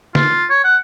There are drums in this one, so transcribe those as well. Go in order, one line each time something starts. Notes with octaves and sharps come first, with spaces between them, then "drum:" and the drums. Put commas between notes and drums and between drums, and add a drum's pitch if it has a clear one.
F4, drum: snare
C#5
F#5